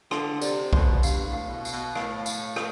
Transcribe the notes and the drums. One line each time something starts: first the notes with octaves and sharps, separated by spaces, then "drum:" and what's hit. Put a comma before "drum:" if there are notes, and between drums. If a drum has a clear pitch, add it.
D3 C6, drum: rim click
C3 D5, drum: tambourine
B2 C6, drum: kick B1
G2 F5, drum: tambourine
A2
F5
B2
F5, drum: tambourine
B2
A2 F5, drum: rim click
F5, drum: tambourine
G6, drum: rim click